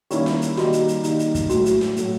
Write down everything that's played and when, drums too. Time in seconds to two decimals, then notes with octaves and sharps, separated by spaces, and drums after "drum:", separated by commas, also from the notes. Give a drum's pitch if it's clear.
0.11 D#3 G3 A#3 C#4 E4 G4, drum: hi-hat
0.26 drum: snare
0.42 drum: hi-hat
0.57 D#3 G3 A#3 D#4 F#4, drum: snare
0.73 drum: hi-hat
0.88 drum: hi-hat
1.04 D#3 G3 A#3 D#4, drum: hi-hat
1.19 drum: hi-hat
1.35 drum: kick, hi-hat
1.50 A2 F#3 A3 F#4, drum: hi-hat
1.66 drum: hi-hat
1.81 drum: snare
1.97 A2 F#3 A3, drum: hi-hat